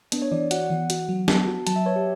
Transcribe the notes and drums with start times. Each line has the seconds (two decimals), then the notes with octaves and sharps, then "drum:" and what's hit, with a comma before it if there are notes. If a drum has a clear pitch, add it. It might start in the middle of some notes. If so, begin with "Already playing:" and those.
0.12 B3 D4, drum: hi-hat
0.22 C#5
0.32 E3 D5
0.51 F#4 F#5, drum: hi-hat
0.70 E3
0.90 F#4, drum: hi-hat
1.09 F#3
1.28 B3 A5, drum: snare
1.47 F#4
1.67 F#3 A5, drum: hi-hat
1.76 E5
1.86 B4 C#5
1.96 G4